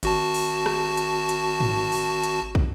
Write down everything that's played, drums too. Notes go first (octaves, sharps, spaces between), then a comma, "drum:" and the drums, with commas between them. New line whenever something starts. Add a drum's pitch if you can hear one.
G#1 F#4 A5, drum: hi-hat
drum: open hi-hat
drum: rim click
drum: hi-hat
drum: hi-hat
drum: tom G#2
drum: open hi-hat
drum: hi-hat
drum: kick